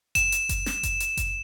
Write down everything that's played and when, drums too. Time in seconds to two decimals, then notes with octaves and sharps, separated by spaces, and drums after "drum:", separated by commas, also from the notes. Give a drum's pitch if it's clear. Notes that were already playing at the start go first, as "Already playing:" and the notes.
0.15 E7, drum: kick F#1, hi-hat
0.32 drum: hi-hat
0.49 drum: kick F#1, hi-hat
0.66 drum: snare
0.83 drum: kick F#1, hi-hat
1.00 drum: hi-hat
1.17 drum: kick F#1, hi-hat